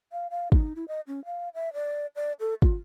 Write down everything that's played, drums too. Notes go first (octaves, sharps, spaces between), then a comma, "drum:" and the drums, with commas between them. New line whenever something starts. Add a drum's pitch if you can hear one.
F5
F5
D#4, drum: kick
E4
D#5
C#4
F5
E5
D5
D5
A4
F4, drum: kick